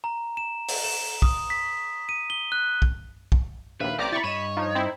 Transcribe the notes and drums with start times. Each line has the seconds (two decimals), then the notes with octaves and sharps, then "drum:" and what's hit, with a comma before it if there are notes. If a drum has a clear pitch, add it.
0.04 A#5
0.37 E7
0.68 drum: open hi-hat
0.84 E7
1.22 D#6, drum: kick
1.50 B6
2.09 D#7
2.30 G7
2.52 F#6
2.82 drum: kick
3.32 drum: kick
3.80 A#1 D#2 B4 E5 F5
3.99 A1 C3 G4 D5 A#5 D6
4.12 E4 A#5 B5 C#6 A6
4.24 G2 C#5 D#5 B5 D#7 E7
4.57 F3 D#4
4.75 C4 E4